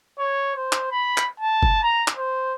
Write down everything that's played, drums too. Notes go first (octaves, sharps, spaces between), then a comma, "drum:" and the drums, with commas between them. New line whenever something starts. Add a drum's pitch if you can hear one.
C#5
C5
drum: clap
B5
drum: clap
A5
drum: kick G1
A#5
drum: clap
C5